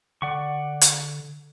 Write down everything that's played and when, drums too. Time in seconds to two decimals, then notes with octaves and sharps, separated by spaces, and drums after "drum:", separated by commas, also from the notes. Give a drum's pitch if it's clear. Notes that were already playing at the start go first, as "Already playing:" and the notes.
0.22 D3 D5 F#5 C#6
0.81 drum: hi-hat